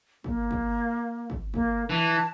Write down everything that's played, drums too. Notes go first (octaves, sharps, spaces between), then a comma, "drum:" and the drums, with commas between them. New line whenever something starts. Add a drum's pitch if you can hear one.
A#3, drum: kick
drum: kick
drum: kick
A#3, drum: kick
E3 A5